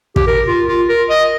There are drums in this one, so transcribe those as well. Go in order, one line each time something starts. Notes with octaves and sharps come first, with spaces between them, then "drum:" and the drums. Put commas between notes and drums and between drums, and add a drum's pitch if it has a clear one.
G4, drum: kick
A#4
F4
F4
A#4
D#5